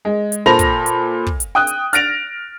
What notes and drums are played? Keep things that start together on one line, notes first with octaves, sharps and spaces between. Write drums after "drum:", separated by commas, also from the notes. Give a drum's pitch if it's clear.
G#3
drum: hi-hat
A#2 A4 C5 B5 A#6 F7
drum: kick, hi-hat
drum: hi-hat
drum: kick
drum: hi-hat
G5 D#6 F#6
drum: hi-hat
F6 A6 A#6 D7 F7, drum: hi-hat